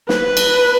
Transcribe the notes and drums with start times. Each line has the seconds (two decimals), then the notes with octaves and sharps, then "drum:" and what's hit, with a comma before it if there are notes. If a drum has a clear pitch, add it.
0.09 B4, drum: snare
0.37 drum: cymbal